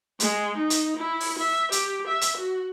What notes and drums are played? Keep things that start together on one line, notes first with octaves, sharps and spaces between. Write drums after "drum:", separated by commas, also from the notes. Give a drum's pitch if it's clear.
G#3, drum: hi-hat
D#4
drum: hi-hat
E4
drum: open hi-hat
E5
G4, drum: hi-hat
E5
drum: hi-hat
F#4